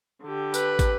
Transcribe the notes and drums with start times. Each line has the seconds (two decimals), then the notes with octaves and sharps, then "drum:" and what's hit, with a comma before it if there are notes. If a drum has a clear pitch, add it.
0.23 D3 G4
0.54 B4, drum: tambourine
0.79 drum: kick, tambourine